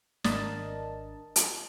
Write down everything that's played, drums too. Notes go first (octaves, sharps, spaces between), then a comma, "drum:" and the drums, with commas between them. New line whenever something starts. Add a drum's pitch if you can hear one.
G#1 D4 A#4 D#5 A5, drum: snare
drum: hi-hat